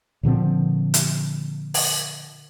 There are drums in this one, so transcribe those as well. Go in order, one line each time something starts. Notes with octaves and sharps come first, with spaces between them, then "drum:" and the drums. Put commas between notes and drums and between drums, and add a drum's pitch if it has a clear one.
A#2 D3 F3 C4
drum: hi-hat
drum: open hi-hat